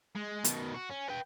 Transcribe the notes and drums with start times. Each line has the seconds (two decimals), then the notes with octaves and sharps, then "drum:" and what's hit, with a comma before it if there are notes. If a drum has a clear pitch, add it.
0.16 G#3
0.44 B2 D#3, drum: hi-hat
0.74 F#4
0.90 C#4
1.09 B4 G5